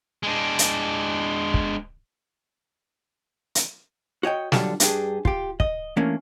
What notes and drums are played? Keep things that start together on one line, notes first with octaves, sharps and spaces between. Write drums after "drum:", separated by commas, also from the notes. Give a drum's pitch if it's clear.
G#3 D4
drum: hi-hat
drum: kick
drum: hi-hat
F#4 C#5 D#5 G5
D3 F#3 G3 F4 A4, drum: snare
G2 D4 G4 G#4, drum: hi-hat
F4 G4, drum: kick
D#5, drum: kick
E3 A3 A#3 C#4 D4